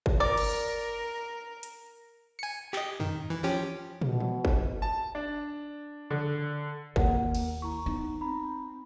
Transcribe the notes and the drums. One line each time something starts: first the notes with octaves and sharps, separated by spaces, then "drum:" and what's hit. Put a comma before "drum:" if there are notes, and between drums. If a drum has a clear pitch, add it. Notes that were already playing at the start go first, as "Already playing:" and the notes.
drum: kick
A#4 D5
drum: cymbal
drum: hi-hat
G#5 C#7
G4 D#5, drum: clap
D#3, drum: tom F2
E3
F3 C#4 G4
B2, drum: tom
drum: tom E3
drum: kick
A5
D4
D3
D#2 A#3 A#4 F#5, drum: kick
drum: cymbal
E4 A#5 C#6
B3 D#4
C4 A#5 B5